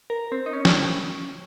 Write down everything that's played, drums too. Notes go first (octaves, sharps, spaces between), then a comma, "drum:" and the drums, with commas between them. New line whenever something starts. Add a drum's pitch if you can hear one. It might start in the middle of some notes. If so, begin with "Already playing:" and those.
A#4
C4
D#4
C#4
drum: snare